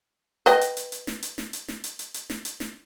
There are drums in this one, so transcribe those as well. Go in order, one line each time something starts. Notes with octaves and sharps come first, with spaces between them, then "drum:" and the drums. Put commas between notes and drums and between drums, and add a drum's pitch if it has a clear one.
B4 D#5 G5, drum: snare
drum: hi-hat
drum: hi-hat
drum: hi-hat
drum: snare
drum: hi-hat
drum: snare
drum: hi-hat
drum: snare
drum: hi-hat
drum: hi-hat
drum: hi-hat
drum: snare
drum: hi-hat
drum: snare